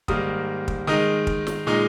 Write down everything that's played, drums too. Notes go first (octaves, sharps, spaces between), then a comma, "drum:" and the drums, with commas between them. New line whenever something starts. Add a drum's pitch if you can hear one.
G#2 D#3 G3 A#3 D#6, drum: kick
drum: kick
D#3 G#3 D#4 D#6
drum: kick
drum: snare
A#2 G#3 D#4